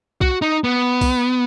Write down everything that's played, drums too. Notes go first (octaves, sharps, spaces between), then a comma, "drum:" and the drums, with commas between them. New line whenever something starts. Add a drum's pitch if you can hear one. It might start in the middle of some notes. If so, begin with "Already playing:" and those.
F#4, drum: kick B1
D#4
B3
drum: kick B1, open hi-hat